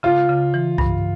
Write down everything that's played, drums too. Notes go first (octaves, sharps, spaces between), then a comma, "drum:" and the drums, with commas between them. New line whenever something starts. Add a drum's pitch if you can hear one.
C#3 F4
C#3
E3
G2, drum: kick C2